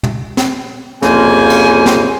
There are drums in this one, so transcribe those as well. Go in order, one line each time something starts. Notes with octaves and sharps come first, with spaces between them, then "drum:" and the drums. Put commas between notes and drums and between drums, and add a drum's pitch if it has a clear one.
drum: tom
drum: snare
C2 F2 C#3 A#3 C5 G#5, drum: snare
drum: cymbal
drum: snare